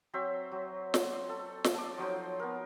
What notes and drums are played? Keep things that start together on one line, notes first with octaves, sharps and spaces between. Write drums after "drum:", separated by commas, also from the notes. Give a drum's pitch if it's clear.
F#3 C4 C5 E5
F#3
drum: snare
A4
drum: snare
A5 D6
F3 F#3 D#4 C5
B3 A#4